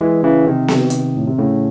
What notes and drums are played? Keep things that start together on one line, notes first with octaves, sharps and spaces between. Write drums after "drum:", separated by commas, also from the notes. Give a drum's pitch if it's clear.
E3 G#3
C#3 E3
C3 D#3
drum: snare B3
drum: hi-hat
A2
C3
A2 C#3